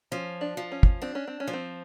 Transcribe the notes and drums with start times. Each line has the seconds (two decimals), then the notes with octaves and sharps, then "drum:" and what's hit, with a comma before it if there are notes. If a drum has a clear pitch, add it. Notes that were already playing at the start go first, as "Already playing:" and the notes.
0.12 F3 C#4
0.41 D4
0.57 F3
0.72 C#4
0.83 drum: kick
1.02 C4 D4
1.15 C#4
1.27 C4
1.40 C#4
1.48 F3
1.53 C4